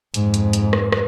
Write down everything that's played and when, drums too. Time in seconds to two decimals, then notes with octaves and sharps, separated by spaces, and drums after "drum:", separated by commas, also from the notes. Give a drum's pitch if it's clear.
0.14 F2 G#2, drum: hi-hat
0.34 drum: hi-hat
0.53 drum: hi-hat
0.73 drum: rim click
0.92 drum: rim click